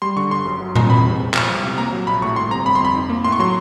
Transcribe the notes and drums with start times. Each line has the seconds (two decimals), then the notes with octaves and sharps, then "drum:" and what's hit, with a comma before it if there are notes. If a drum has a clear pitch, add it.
0.02 G3 C6
0.16 D3 C#6
0.31 G1 C6
0.46 F#2
0.61 F#3
0.76 D#3, drum: tom A#2
0.90 E2 B5
1.05 C3
1.20 G#3
1.34 F3, drum: clap
1.49 C2
1.63 C3
1.78 A#3 A#5
1.92 F#3
2.07 A#1 B5
2.22 A2 C#6
2.36 G1 C6
2.51 C3 A#5
2.66 G1 B5
2.75 C6
2.80 F2 B5
2.95 D#4
3.09 A#3
3.24 A2 C6
3.32 C#6
3.39 F#3 C6